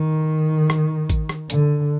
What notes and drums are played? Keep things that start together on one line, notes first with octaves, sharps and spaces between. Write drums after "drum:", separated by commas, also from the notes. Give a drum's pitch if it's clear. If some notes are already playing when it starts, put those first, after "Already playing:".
Already playing: D#3
drum: rim click
drum: kick A1, hi-hat
drum: rim click
D3, drum: hi-hat